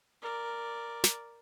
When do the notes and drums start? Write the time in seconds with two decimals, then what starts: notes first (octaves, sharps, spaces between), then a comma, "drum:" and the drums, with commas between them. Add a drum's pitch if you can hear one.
0.22 A#4 D5
1.04 drum: snare